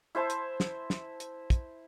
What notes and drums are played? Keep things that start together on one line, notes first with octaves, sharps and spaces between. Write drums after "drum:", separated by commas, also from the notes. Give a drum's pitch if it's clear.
E4 C5 E5 A5
drum: hi-hat
drum: snare
drum: snare
drum: hi-hat
drum: kick, hi-hat